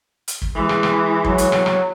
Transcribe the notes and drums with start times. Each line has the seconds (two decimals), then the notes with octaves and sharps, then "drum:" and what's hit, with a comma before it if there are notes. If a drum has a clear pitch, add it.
0.28 drum: hi-hat
0.42 drum: kick
0.55 E3 G#3
0.69 drum: rim click
0.83 drum: rim click
1.24 F#3, drum: kick
1.38 drum: hi-hat
1.52 drum: rim click
1.66 drum: rim click